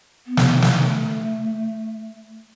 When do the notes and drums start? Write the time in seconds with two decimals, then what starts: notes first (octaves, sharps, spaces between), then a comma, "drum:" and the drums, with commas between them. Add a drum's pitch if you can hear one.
0.26 B3
0.37 drum: snare
0.62 A3, drum: snare